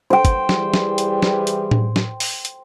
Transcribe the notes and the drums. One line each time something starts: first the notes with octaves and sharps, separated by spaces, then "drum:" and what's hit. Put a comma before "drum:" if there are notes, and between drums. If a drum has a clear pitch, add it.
C5 G5
drum: kick, hi-hat
E3 G3 G#4, drum: snare
drum: snare
drum: hi-hat
drum: snare
drum: hi-hat
drum: tom A2
drum: snare
drum: open hi-hat
drum: hi-hat